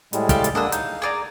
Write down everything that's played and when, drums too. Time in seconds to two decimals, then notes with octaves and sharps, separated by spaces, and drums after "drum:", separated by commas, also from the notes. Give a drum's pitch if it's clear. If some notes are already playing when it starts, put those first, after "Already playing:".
0.13 A2 G3 G#3, drum: hi-hat
0.29 F4 G4 A4, drum: kick, hi-hat
0.44 drum: hi-hat
0.55 G#3 A#3 D4 D#5 F#5 E6
0.72 D#4 F5, drum: hi-hat
1.02 G#4 D5 A#5